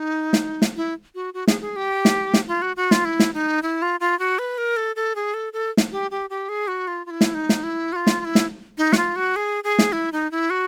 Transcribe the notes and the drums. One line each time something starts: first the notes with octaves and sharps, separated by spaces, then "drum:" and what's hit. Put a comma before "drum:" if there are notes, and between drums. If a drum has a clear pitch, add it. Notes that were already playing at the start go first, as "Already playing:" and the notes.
Already playing: D#4
drum: snare
drum: snare
E4
F#4
F#4
G#4, drum: snare
G#4
G4
drum: snare
drum: snare
F4
F#4
F#4
F4, drum: snare
E4
drum: snare
D#4
E4
F4
F4
F#4
B4
A#4
A4
A4
G#4
A4
A4
drum: snare
G4
G4
G4
G#4
F#4
F4
F4
E4
drum: snare
D#4
drum: snare
E4
F#4
F4
drum: snare
F4
E4
drum: snare
D#4
F#4, drum: snare
F4
F#4
G#4
G#4
drum: snare
E4
D#4
E4
F#4